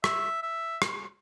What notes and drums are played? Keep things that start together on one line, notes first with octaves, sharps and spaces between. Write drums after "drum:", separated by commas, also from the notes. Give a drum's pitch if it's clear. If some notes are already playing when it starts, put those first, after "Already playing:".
E5, drum: rim click
E5
drum: rim click